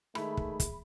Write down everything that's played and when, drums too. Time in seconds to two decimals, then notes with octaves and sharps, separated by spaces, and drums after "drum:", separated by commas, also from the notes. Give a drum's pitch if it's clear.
0.15 D#3 G#3 A3 G#4 E5 B5, drum: rim click
0.37 drum: kick
0.60 drum: kick, hi-hat